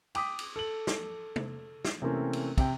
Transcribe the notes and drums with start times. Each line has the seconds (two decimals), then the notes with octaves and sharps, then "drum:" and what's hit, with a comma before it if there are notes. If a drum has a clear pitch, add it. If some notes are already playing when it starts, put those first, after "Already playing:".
0.15 G5 D6 D#6 B6, drum: cymbal
0.39 drum: cymbal
0.56 A4 F#7
0.87 drum: snare
1.36 drum: tom
1.85 drum: snare
2.02 C3 E3 A3 A#3 C4 C#4
2.33 drum: cymbal
2.58 C3 G5, drum: kick, cymbal